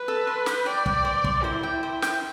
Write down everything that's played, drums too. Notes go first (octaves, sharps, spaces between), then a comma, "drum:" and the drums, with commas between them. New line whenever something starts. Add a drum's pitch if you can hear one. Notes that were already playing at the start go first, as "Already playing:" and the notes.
Already playing: B4
A4
C6
C5, drum: snare
D5 G5
G5, drum: kick
C5
C6, drum: kick
E4 C5
G5
C5
G5, drum: snare